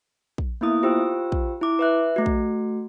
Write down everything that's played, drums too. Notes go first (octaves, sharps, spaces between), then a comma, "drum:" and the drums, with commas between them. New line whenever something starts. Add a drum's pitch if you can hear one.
drum: kick A#1
A#3 B3 E4 D#6
F4 G4 C5 G5 E6
drum: kick A#1
E4 D6
B4 E5 F#6
A3 F#4
drum: kick A#1